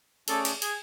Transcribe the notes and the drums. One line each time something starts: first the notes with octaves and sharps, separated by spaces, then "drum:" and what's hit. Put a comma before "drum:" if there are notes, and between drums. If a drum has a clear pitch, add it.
A3 C#4 G#4 A4 D5, drum: cymbal
drum: cymbal
G#4, drum: cymbal